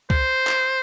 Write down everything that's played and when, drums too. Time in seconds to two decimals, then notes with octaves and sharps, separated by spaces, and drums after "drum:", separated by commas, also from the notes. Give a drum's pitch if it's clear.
0.10 C5, drum: kick C#2
0.47 drum: clap